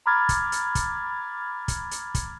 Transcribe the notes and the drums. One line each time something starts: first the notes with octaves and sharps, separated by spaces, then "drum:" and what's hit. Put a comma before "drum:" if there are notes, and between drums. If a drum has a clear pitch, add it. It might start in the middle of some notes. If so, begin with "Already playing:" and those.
A#5 B5 D6 F6 G#6 A6
drum: kick, hi-hat
drum: hi-hat
drum: kick, hi-hat
drum: kick, hi-hat
drum: hi-hat
drum: kick, hi-hat